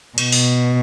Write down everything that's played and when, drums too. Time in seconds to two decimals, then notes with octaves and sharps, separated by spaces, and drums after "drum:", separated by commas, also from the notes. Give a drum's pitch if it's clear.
0.18 B2, drum: cymbal
0.32 drum: open hi-hat